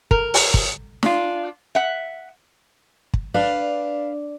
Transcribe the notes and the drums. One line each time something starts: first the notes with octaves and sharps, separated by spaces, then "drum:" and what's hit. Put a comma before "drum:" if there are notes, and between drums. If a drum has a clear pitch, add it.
A#4, drum: kick
drum: open hi-hat
drum: kick
D4 F4, drum: snare
E5 F#5
drum: kick
D4 B4 D5 F5